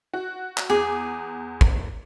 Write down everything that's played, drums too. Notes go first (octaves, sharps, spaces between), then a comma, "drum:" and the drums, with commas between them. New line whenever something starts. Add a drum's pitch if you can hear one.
F#4
drum: clap
E2 G#4 D6
drum: kick